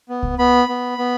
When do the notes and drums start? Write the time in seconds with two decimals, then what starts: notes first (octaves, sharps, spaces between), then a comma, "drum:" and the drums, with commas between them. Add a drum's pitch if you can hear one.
0.09 B3
0.23 drum: kick C2
0.39 B3 B5
0.69 B3
0.98 B3